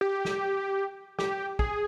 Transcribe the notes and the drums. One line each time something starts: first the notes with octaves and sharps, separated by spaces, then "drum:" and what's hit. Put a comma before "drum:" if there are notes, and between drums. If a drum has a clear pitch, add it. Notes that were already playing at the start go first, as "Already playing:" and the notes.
G4
drum: snare
G4, drum: snare
G#4, drum: kick A#1